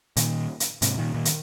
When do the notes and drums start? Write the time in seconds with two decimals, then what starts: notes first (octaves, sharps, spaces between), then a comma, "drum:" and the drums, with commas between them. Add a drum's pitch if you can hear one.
0.17 A#2 D#3, drum: hi-hat
0.60 drum: hi-hat
0.82 G#2 C3, drum: hi-hat
0.98 A#2 D#3
1.14 A#2 D#3
1.25 drum: hi-hat